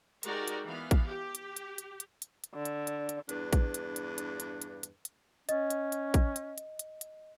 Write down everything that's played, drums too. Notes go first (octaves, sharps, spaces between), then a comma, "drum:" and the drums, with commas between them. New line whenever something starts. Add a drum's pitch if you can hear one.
G#3 D#4 F#4 G4 A#4 D5, drum: hi-hat
drum: hi-hat
E3 B3 F5
drum: kick, hi-hat
G4
drum: hi-hat
drum: hi-hat
drum: hi-hat
drum: hi-hat
drum: hi-hat
drum: hi-hat
D3
drum: hi-hat
drum: hi-hat
drum: hi-hat
E2 G2 D4 B4, drum: hi-hat
drum: kick, hi-hat
drum: hi-hat
drum: hi-hat
drum: hi-hat
drum: hi-hat
drum: hi-hat
drum: hi-hat
drum: hi-hat
C#4 D#5, drum: hi-hat
drum: hi-hat
drum: hi-hat
drum: kick, hi-hat
drum: hi-hat
drum: hi-hat
drum: hi-hat
drum: hi-hat